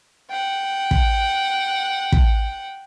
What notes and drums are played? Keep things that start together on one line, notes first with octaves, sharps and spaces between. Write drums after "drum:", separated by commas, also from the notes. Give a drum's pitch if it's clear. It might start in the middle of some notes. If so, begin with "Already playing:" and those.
F#5 G5
drum: kick
drum: kick